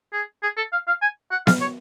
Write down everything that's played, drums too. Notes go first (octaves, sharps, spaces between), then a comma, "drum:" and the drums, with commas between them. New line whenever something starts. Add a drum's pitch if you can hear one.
G#4
G#4
A4
F5
F5
G#5
F#5
F5, drum: snare B3
C#5